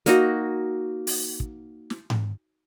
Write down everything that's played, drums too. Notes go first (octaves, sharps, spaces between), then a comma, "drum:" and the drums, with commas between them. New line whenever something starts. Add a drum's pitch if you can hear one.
A#3 D#4 F#4, drum: hi-hat
drum: open hi-hat
drum: kick
drum: snare
drum: tom G#2